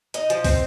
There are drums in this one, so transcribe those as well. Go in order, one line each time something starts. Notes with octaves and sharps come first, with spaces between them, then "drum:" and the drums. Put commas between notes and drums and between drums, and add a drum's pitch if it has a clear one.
D#4 D#5, drum: hi-hat
F3, drum: hi-hat
C4, drum: kick, open hi-hat